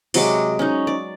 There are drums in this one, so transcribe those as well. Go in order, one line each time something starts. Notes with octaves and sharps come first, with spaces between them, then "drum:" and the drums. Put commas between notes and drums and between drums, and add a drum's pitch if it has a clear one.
C3 F#3 G#3 D6, drum: open hi-hat
C#4 D#4
D5